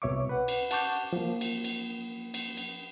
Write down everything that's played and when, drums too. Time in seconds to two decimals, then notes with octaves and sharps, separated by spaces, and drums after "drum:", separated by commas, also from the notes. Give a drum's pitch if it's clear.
0.02 C2 B2 C#5 E5 C#6 D6
0.29 B4 F#5
0.48 drum: cymbal
0.71 F#5 A5 C#6 D6 G6, drum: cymbal
1.13 F3 A#3
1.41 drum: cymbal
1.64 drum: cymbal
2.34 drum: cymbal
2.57 drum: cymbal